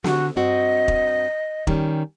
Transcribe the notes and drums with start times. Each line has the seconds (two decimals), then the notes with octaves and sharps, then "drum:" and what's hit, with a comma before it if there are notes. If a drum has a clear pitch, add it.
0.04 D3 F#4, drum: snare
0.36 G2 C4 F#4 D#5
0.88 drum: kick
1.67 D#3 G3 C#4, drum: kick